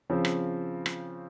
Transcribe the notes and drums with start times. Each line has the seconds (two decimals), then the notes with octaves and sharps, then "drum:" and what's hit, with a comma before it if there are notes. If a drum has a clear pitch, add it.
0.10 C#3 F3 C4
0.25 drum: rim click
0.86 drum: rim click